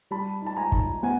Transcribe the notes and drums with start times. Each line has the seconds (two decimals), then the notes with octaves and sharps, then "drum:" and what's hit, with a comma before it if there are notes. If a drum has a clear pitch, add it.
0.11 G3 A5 B5
0.42 D#4 A5
0.57 G#5 A#5
0.72 D#4, drum: kick
1.03 B3 F#5 G#5